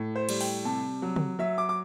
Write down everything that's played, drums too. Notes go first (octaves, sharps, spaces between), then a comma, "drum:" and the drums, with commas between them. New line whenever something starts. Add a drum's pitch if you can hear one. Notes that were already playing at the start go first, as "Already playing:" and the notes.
Already playing: A2
C5
G3, drum: cymbal
G5, drum: open hi-hat
C3 A5
F#3
drum: tom
F#3 E5
D6
D6